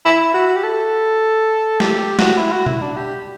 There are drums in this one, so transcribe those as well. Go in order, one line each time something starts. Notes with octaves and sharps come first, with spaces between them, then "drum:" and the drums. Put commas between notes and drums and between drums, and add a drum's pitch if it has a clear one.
E4
F#4
G4
A4
G4, drum: snare
G4
F#4, drum: snare
E4
F#4
E4, drum: tom B2
D4
G4